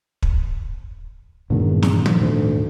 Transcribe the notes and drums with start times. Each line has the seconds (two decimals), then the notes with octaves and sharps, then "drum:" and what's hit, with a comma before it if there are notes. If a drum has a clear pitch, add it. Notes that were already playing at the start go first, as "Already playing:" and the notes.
0.23 drum: kick
1.50 E1 G2 A#2 D3 D#3
1.83 drum: snare
2.06 drum: tom
2.21 D2 G#2